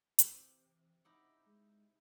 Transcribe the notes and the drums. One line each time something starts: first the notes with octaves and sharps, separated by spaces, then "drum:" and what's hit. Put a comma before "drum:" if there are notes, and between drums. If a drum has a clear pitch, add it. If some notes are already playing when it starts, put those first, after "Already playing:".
C3 E3, drum: hi-hat
D#4 E4 F#5 D6
G#3